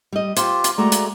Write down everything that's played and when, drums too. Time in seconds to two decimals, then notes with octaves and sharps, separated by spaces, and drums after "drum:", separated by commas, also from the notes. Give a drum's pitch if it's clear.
0.12 G3 D#5
0.37 F4 G4 C5, drum: hi-hat
0.64 drum: hi-hat
0.78 G#3 A3 F#4 D5 A#5
0.92 drum: hi-hat